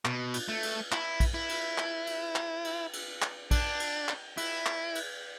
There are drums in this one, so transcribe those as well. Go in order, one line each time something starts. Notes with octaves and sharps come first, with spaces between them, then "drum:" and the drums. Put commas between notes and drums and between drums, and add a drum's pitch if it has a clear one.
B2, drum: clap
drum: cymbal
A3
drum: cymbal
E4, drum: clap
drum: kick, cymbal
E4
drum: cymbal
drum: clap
drum: cymbal
drum: clap
drum: cymbal
drum: cymbal
drum: clap
D4, drum: kick, cymbal
drum: cymbal
drum: clap
E4, drum: cymbal
drum: clap
drum: cymbal